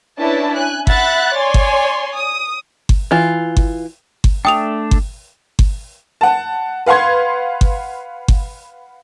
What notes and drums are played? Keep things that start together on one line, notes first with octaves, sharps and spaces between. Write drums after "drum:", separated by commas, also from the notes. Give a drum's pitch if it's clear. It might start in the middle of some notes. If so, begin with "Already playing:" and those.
C#4 D4 E4 B4 A5
G#5 F#6
E5 F#5 B5 F#6 A6, drum: kick G1
C#5 D5 G#5 C6
drum: kick G1
D#6
drum: kick G1
E3 F4
drum: kick G1
drum: kick G1
A3 D4 G5 D#6 F7
drum: kick G1
drum: kick G1
F#5 A5
B4 F5 F#5 C6 G#6
drum: kick G1
drum: kick G1